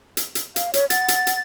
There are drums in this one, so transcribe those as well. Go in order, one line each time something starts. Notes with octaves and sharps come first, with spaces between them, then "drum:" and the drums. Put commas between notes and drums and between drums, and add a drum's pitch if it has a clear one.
drum: hi-hat
drum: hi-hat
F5, drum: hi-hat
C#5, drum: hi-hat
F#5 A6, drum: hi-hat
drum: hi-hat
drum: hi-hat